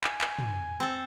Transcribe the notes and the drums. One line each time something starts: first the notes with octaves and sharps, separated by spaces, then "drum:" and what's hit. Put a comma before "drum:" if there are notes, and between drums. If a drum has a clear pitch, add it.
G#5, drum: clap
drum: clap
drum: tom
C4 A4